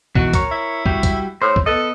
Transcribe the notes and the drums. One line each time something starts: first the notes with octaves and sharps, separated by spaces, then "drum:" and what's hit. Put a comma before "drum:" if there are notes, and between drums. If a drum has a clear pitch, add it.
B2 D#3 E3 F#4, drum: kick
A#4 C#5, drum: kick, hi-hat
E4
G3 F#4 G4, drum: kick
drum: kick, hi-hat
A2 C5
drum: kick
B3 A4 B4 D#5